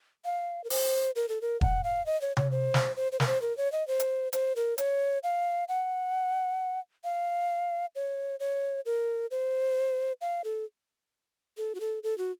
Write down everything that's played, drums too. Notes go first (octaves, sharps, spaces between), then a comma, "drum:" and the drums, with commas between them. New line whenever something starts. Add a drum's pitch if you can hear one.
F5
A#4
C5, drum: open hi-hat
A#4
A4
A#4
F#5, drum: kick E1
F5
D#5
C#5
C#5, drum: tom C3
C5
drum: snare
C5
C5
A#4, drum: snare
C5
A#4
C#5
D#5
C5
drum: hi-hat
C5, drum: hi-hat
A#4
C#5, drum: hi-hat
F5
F#5
F5
C#5
C#5
A#4
C5
F5
A4
A4
F#4
A4
A4
F#4